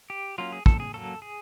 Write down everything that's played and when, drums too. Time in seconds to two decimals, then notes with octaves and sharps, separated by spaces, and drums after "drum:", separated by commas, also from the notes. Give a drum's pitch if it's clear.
0.10 G4
0.38 F#3 A#3 C#4 F4
0.52 G#4
0.66 A4, drum: kick
0.80 G#4
0.94 F#3 A#3 C#4 A4
1.22 G#4